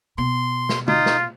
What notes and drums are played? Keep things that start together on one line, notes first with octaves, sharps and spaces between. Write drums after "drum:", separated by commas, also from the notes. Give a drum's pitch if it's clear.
B2 C6
drum: snare
D#4 F4, drum: tom
drum: snare